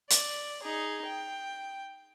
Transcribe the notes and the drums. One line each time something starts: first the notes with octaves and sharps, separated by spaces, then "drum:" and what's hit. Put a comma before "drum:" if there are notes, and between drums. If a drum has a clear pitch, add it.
D5, drum: hi-hat
D#4 G#4
G5